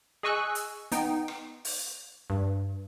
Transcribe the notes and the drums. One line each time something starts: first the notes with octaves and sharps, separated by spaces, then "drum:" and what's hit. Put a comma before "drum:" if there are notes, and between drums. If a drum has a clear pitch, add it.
G#4 D#5 G#5 C#6 E6 F#6
drum: hi-hat
B3 D#4 G5, drum: hi-hat
drum: rim click
drum: open hi-hat
G2